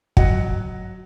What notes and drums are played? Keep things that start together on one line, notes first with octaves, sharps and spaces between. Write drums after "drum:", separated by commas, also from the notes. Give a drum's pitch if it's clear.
F#3 D#5 F#5, drum: kick